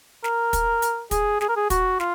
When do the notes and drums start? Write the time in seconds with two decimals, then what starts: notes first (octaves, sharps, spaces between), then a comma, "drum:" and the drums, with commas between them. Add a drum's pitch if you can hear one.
0.24 A#4, drum: snare
0.53 drum: kick, hi-hat
0.82 drum: hi-hat
1.11 G#4, drum: kick, hi-hat
1.41 G#4, drum: snare
1.49 A#4
1.56 G#4
1.70 F#4, drum: kick, hi-hat
2.00 F4, drum: snare